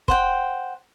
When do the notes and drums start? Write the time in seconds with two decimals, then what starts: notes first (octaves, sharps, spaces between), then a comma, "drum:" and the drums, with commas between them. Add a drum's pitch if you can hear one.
0.08 C5 F#5 G5, drum: kick